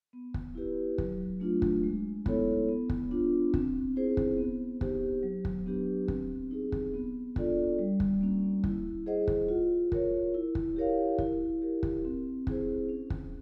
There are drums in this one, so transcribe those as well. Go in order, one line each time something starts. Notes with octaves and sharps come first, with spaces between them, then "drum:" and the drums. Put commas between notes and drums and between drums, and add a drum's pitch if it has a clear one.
B3
drum: kick
E4 G4 B4
F#3, drum: kick
A3 D4 F4
drum: kick
G#3
B3 E4 A4 C#5, drum: kick
B3
drum: kick
D4 F4
C4, drum: kick
E4 G#4 C5
drum: kick
B3
D#4 G4 C5, drum: kick
F#3
drum: kick
B3 D4 G4 B4
C4, drum: kick
D#4 G#4
drum: kick
B3
D4 F4 A4 D5, drum: kick
G3
drum: kick
A#3 C#4
E4, drum: kick
G#4 C5 D#5 F#5
drum: kick
F4
A#4 C#5, drum: kick
E4
drum: kick
G4 A#4 C#5 F5
E4, drum: kick
G4 A#4
drum: kick
C4
E4 G#4 C5, drum: kick
C#4
drum: kick